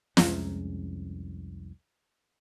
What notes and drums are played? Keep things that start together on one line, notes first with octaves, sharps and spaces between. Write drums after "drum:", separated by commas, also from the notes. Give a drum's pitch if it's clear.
C2 F2 G#3 C#4, drum: snare